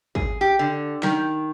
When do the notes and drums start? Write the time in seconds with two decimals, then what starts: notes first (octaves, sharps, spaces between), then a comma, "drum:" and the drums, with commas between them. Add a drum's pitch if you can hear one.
0.15 G#4, drum: kick
0.41 G4
0.59 D3
1.03 D#3, drum: snare